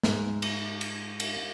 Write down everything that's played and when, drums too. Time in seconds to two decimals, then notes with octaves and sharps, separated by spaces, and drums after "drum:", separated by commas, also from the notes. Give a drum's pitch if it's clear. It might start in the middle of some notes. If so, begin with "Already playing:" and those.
0.03 G#2, drum: snare
0.42 drum: cymbal
0.81 drum: cymbal
1.20 drum: cymbal